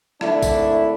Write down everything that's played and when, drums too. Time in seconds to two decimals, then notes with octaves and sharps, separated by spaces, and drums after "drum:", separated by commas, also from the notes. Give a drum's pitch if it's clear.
0.21 G#1 D3 A3 D4 E4, drum: rim click
0.43 drum: kick G#1, tambourine